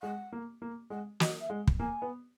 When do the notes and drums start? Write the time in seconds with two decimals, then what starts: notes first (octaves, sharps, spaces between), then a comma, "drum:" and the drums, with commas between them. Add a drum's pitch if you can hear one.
0.02 G#3 F#5
0.32 A#3
0.62 A#3
0.90 G#3 F#5
1.20 F#3 D#5, drum: snare
1.40 E5
1.49 G#3 F#5
1.67 drum: kick
1.80 A#3 G#5
2.02 B3